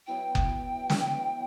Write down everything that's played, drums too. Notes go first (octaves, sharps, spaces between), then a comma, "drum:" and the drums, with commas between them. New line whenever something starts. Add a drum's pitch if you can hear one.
F#3 B3 E4 G5
drum: kick F#1
drum: snare